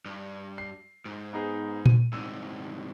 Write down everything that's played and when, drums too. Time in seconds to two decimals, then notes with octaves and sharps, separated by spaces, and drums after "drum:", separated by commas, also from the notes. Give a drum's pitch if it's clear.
0.06 G2
0.58 C7
1.05 G#2
1.33 B3 D#4 G#4
1.86 D#7, drum: tom A#2
2.13 C2 G#2 E6